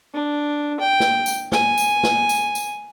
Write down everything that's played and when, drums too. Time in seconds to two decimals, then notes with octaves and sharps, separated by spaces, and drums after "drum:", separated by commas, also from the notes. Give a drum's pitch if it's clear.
0.14 D4
0.80 G5
1.00 drum: snare
1.26 drum: tambourine
1.52 G#5, drum: snare
1.78 drum: tambourine
2.03 drum: snare
2.29 drum: tambourine
2.55 drum: tambourine